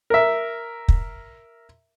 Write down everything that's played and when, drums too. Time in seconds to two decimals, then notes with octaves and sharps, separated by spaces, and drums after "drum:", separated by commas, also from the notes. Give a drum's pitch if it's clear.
0.10 A#4 E5
0.88 drum: kick